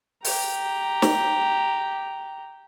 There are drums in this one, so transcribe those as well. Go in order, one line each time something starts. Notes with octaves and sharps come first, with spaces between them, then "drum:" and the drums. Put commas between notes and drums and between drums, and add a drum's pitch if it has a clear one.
G4 A#5, drum: open hi-hat
drum: snare